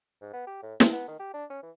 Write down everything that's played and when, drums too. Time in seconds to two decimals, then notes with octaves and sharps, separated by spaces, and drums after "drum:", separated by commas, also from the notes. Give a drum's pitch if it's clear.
0.21 G#2
0.33 B3
0.47 G4
0.63 A2
0.80 C4, drum: snare
0.92 B3
1.08 D#3
1.19 G4
1.34 D4
1.50 C#4
1.63 E3